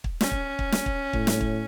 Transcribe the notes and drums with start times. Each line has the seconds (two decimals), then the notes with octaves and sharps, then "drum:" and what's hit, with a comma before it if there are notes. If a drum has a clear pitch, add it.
0.04 drum: kick
0.21 C#4, drum: snare
0.31 drum: kick
0.59 drum: kick
0.72 drum: snare
0.86 drum: kick
1.13 A2, drum: kick
1.27 drum: snare
1.41 drum: kick